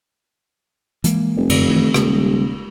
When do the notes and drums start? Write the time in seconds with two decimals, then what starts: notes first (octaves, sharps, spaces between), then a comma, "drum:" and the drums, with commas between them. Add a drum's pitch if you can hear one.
1.04 E3 G#3 A#3, drum: hi-hat
1.37 F1
1.49 F#2 D3, drum: cymbal
1.69 D#3 E3 A3
1.94 D#1 C#3 G3 G#3, drum: rim click